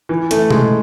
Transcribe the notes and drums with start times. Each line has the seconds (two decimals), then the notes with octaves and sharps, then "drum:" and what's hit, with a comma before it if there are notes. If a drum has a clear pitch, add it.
0.09 E3
0.31 A3, drum: hi-hat
0.51 G#3, drum: tom B2